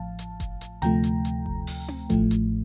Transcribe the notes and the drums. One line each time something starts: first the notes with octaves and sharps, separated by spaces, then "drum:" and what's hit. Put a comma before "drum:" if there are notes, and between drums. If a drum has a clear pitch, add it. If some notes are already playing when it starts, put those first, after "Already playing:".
Already playing: A1 A2 F3 F5 A5
drum: hi-hat
drum: kick F#1, hi-hat
drum: hi-hat
D2 C3 F3 A3 G5 A#5, drum: hi-hat
drum: hi-hat
drum: hi-hat
drum: kick F#1
drum: open hi-hat
drum: tom C4
A1 A2 F3 A3, drum: kick F#1, hi-hat
drum: hi-hat